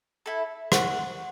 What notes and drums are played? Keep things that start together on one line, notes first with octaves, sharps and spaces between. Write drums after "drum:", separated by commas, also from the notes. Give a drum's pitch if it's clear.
E4 A4
C#4 F#5, drum: rim click